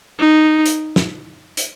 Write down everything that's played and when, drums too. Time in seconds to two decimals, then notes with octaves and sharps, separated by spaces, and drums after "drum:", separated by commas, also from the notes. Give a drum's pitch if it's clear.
0.20 D#4
0.66 drum: hi-hat
0.96 drum: snare
1.57 drum: hi-hat